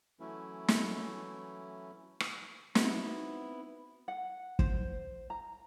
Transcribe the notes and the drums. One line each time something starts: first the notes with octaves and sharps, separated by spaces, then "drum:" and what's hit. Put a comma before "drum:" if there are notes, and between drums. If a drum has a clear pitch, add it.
E3 F#3 A3 C#4 E4
drum: snare
drum: rim click
B3 C4 D#4 E4 F#4, drum: snare
F#5
C5, drum: kick
A#5